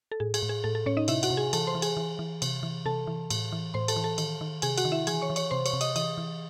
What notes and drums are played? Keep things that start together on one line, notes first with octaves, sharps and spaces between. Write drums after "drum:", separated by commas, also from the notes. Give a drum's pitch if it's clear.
A4
A2 G#4
G#4, drum: cymbal
A2
G#4
A2 A4
A4
A2 C#4 C#5
D#4 D#5
C3 E4 E5, drum: cymbal
F#4 F#5, drum: cymbal
C3
G#4 G#5
E3 A4 A5, drum: cymbal
C5 C6
E3
G#4 G#5, drum: cymbal
E3
E3
C3, drum: cymbal
E3
C3 A4 A5
E3
A2, drum: cymbal
E3
A2 C5 C6
A4 A5, drum: cymbal
E3
A4 A5
D#3, drum: cymbal
D#3
C3 G#4 G#5, drum: cymbal
F#4 F#5, drum: cymbal
D#3
E4 E5
E3 G#4 G#5, drum: cymbal
C#5 C#6
E3
C#5 C#6, drum: cymbal
C3 C5 C6
C#5 C#6, drum: cymbal
C3
D#5 D#6, drum: cymbal
E3 D#5 D#6, drum: cymbal
E3